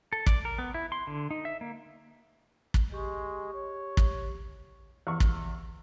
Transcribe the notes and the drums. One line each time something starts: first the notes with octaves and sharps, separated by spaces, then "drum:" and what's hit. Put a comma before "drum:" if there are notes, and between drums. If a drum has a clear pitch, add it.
A4
D5, drum: kick
A#4
B3
E4
C6
D3
D#4
E5
A#3
drum: kick
G#3 G4 C#6
C#5
drum: kick
E2 C#6
drum: kick